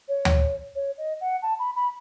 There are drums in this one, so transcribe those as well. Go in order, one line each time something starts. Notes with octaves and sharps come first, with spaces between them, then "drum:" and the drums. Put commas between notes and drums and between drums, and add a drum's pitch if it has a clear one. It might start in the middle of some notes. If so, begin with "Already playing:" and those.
C#5
drum: tom D2
C#5
D#5
F#5
A5
B5
B5